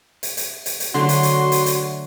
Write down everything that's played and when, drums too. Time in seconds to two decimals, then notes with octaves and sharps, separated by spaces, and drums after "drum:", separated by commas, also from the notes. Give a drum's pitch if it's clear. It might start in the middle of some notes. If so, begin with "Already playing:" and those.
0.23 drum: hi-hat
0.37 drum: hi-hat
0.66 drum: hi-hat
0.80 drum: hi-hat
0.94 D3 F#3 A3 F#4 C6
1.09 drum: hi-hat
1.23 drum: hi-hat
1.52 drum: hi-hat
1.66 drum: hi-hat